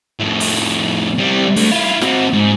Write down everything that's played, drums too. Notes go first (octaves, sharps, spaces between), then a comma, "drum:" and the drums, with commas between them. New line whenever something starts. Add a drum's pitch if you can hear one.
F2 A2
drum: open hi-hat
G3 C4
A3 D4, drum: open hi-hat
E4 F4
C4 F#4, drum: snare
G#2